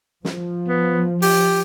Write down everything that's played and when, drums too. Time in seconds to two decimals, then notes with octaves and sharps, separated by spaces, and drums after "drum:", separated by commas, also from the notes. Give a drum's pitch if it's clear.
0.25 F3, drum: snare
0.68 B3
1.22 G4, drum: open hi-hat